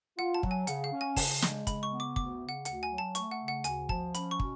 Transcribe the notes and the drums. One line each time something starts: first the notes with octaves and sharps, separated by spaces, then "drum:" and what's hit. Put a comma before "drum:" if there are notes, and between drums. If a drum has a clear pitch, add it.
F4 F#5
A5
F#3, drum: kick
G#5
C#3 F#5, drum: hi-hat
F5
C#4
G#5
C#3 A5, drum: kick, open hi-hat
G#3, drum: snare
C#3 B5, drum: kick, hi-hat
C#6
B3
D6
D2 D6, drum: kick
C#3
F#5
D2 F#5, drum: hi-hat
G#5
F#3
A5
A3 C#6, drum: hi-hat
F#5
C#3
F#5
D2 G#5, drum: hi-hat
F3 A5, drum: kick
C#4 B5, drum: hi-hat
C#6
B2, drum: kick